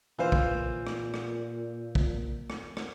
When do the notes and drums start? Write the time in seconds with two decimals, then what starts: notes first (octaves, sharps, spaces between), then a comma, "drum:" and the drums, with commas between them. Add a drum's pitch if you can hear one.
0.19 A#2 E3 F4 C5
0.32 drum: kick
0.87 drum: rim click
1.14 drum: rim click
1.95 drum: kick
2.50 drum: rim click
2.77 drum: rim click